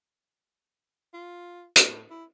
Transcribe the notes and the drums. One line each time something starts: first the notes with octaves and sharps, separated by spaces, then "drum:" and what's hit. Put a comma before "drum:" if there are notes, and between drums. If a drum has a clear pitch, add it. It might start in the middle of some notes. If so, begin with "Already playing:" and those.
F4
drum: hi-hat
A2
E4